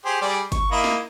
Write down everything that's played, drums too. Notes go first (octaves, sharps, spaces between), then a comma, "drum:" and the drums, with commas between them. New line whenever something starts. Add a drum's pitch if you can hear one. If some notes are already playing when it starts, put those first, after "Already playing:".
G4 G#4 C5
G3 G#4 D5
C#6, drum: kick G1, hi-hat
A#3 E4 D#5
drum: snare